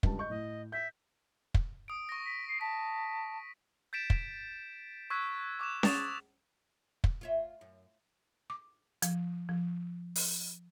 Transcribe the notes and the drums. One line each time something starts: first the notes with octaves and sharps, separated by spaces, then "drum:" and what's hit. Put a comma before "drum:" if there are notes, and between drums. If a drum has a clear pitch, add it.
C#2 G2 A5, drum: kick
D#5 C#6 G6
A2 D#5
E5 G6
drum: kick
D#6 D7
C#6 A#6
B6
C7
A5 B6
G6 A6 B6 D7 E7
E7, drum: kick
C#6 E6 F#6 G#6 B6
C#6 D6 F#6 E7
C#6 D#6 A6 E7 F7, drum: snare C#4
drum: kick
F4 C#5 E5
F#2
D6
F3, drum: hi-hat
F3
drum: open hi-hat